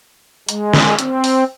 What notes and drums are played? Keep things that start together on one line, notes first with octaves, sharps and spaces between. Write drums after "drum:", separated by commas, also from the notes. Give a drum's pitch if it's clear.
G#3, drum: hi-hat
drum: snare
C4, drum: hi-hat
drum: open hi-hat